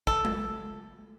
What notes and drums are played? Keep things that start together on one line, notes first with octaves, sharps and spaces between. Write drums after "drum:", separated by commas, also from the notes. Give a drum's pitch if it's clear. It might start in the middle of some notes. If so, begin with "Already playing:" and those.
A4, drum: kick
drum: tom G#3